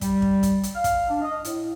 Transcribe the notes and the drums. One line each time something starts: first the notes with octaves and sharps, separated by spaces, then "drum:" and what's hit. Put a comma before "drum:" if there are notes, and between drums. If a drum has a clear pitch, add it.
G3, drum: kick, hi-hat
drum: kick
drum: kick, hi-hat
drum: hi-hat
F5
drum: kick, hi-hat
D4
D#5
A2, drum: hi-hat